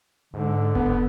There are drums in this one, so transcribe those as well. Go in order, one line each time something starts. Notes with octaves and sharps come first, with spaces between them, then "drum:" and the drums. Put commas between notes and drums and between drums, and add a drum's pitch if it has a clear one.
G#2 D3
B3, drum: kick F1